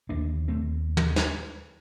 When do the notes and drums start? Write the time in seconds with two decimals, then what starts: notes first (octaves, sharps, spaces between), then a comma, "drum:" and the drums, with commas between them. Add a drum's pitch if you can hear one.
0.09 D#2 D3 A#3 D4
0.48 A3 C4
0.97 drum: tom
1.16 drum: snare